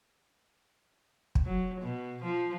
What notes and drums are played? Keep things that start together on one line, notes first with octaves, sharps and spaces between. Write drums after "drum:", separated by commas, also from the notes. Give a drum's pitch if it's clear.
drum: kick
F#3
B2
F3